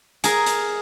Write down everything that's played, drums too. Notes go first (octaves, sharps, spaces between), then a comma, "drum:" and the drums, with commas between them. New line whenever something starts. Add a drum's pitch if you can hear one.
G#4 A#4, drum: hi-hat
drum: hi-hat